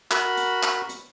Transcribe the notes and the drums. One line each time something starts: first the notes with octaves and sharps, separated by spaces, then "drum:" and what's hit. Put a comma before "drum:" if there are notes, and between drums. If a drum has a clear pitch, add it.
F#4 A#4 B5, drum: clap
drum: hi-hat
drum: clap
drum: hi-hat